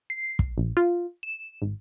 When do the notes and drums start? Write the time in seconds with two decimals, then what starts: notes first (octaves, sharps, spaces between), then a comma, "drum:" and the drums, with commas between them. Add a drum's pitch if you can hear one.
0.10 C7
0.39 drum: kick
0.58 A#1
0.77 F4
1.23 E7
1.62 G#1